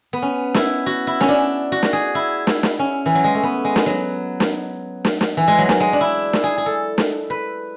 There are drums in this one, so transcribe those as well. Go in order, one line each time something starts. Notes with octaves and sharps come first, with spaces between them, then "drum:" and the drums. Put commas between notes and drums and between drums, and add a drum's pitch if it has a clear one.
B3
C#4
E4, drum: snare
F#4
E4
C#4, drum: snare
D4
F#4
drum: snare
G#4
E4
drum: snare
drum: snare
C#4
E3
F#3
G#3
A3
B3
G#3
drum: snare
F#3
drum: snare
drum: snare
drum: snare
E3
G#3
F#3
drum: snare
G#3
D4
E4
drum: snare
G#4
G#4
A4
drum: snare
B4